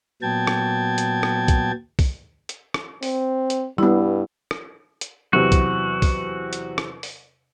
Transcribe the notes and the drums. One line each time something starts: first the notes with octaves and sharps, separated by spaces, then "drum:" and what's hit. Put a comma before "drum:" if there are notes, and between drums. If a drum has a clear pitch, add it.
A#2 F#3 B3 G5 A5 G#6
drum: rim click
drum: hi-hat
drum: rim click
drum: kick B1, hi-hat
drum: kick B1, open hi-hat
drum: hi-hat
drum: rim click
C4, drum: open hi-hat
drum: hi-hat
G2 G3 B3 E4
drum: rim click
drum: hi-hat
E2 C3 F#3 F#4
drum: kick B1, hi-hat
drum: kick B1, open hi-hat
drum: hi-hat
drum: rim click
drum: open hi-hat